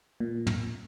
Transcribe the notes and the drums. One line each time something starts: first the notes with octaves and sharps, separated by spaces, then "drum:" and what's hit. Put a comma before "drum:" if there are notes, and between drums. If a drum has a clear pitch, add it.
A#2
drum: tom